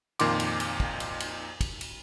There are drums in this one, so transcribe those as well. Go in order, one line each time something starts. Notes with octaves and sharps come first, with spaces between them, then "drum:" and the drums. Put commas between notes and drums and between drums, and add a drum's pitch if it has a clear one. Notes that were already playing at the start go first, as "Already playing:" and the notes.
F2 A#2 D#3 C6 D6, drum: cymbal
drum: cymbal
drum: cymbal
drum: kick
drum: cymbal
drum: cymbal
drum: kick, cymbal
drum: cymbal